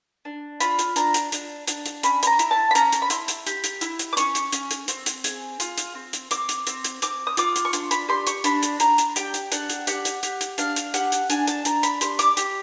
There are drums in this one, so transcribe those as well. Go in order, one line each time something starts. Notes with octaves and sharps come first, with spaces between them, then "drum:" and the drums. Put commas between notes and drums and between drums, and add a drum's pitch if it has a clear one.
D4
F4 B5, drum: hi-hat
drum: hi-hat
D4 A#5, drum: hi-hat
drum: hi-hat
D4, drum: hi-hat
D4, drum: hi-hat
drum: hi-hat
C#4 B5, drum: hi-hat
B5, drum: hi-hat
A#5
E4, drum: hi-hat
A5
B5
C#4 A#5, drum: hi-hat
drum: hi-hat
B5
E4 C6, drum: hi-hat
drum: hi-hat
G4, drum: hi-hat
drum: hi-hat
E4, drum: hi-hat
drum: hi-hat
D6
C#4 C#6, drum: hi-hat
drum: hi-hat
C#4, drum: hi-hat
drum: hi-hat
C4, drum: hi-hat
drum: hi-hat
G#4, drum: hi-hat
F4, drum: hi-hat
drum: hi-hat
C4
drum: hi-hat
C4 D6, drum: hi-hat
drum: hi-hat
C4, drum: hi-hat
drum: hi-hat
C4 D6, drum: hi-hat
D#6
F4 D6, drum: hi-hat
drum: hi-hat
C#6
D4 C6, drum: hi-hat
B5, drum: hi-hat
G4 C6
C#6, drum: hi-hat
D4 B5, drum: hi-hat
drum: hi-hat
D4 A#5, drum: hi-hat
drum: hi-hat
G4 G5, drum: hi-hat
drum: hi-hat
D4 F#5, drum: hi-hat
drum: hi-hat
G4 F#5, drum: hi-hat
drum: hi-hat
G4, drum: hi-hat
drum: hi-hat
D4 F5, drum: hi-hat
drum: hi-hat
G4 F#5, drum: hi-hat
drum: hi-hat
D4 G#5, drum: hi-hat
A5, drum: hi-hat
D4 A#5, drum: hi-hat
B5, drum: hi-hat
G4 C6, drum: hi-hat
D6, drum: hi-hat
G4, drum: hi-hat